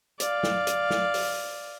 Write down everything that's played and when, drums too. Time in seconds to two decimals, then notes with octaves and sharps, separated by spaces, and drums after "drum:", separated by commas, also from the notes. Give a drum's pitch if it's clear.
0.20 D5 F5, drum: hi-hat
0.43 drum: snare
0.67 drum: hi-hat
0.90 drum: snare
1.14 drum: open hi-hat